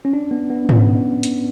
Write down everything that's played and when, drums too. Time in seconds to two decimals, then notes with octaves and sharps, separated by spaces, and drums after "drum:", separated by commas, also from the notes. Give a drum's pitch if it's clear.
0.05 C#4
0.13 D4
0.31 B3
0.50 B3
0.65 C#4
0.69 B3, drum: tom G#2
1.23 drum: hi-hat